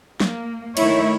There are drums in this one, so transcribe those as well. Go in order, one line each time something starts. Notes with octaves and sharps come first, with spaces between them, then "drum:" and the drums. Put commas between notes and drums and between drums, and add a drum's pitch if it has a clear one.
A#3, drum: snare
D#3 A3 E4 C#5, drum: cymbal